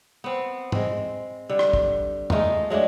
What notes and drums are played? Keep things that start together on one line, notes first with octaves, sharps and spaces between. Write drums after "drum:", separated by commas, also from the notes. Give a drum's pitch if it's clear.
B3 C4
G#3 C4, drum: tom
D3 G3
drum: rim click
drum: kick
G#3 A3 D#4 F4, drum: tom
F#3 G#3 A3 D4